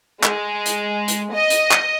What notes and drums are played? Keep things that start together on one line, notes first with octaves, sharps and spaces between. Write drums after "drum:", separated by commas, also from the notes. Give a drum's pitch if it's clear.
G#3, drum: clap
drum: hi-hat
drum: hi-hat
D#5
drum: hi-hat
drum: clap